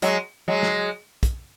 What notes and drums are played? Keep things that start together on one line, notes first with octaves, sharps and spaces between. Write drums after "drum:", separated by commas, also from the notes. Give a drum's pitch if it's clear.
F#3 G#3, drum: hi-hat
F#3 G#3
drum: snare
drum: kick, hi-hat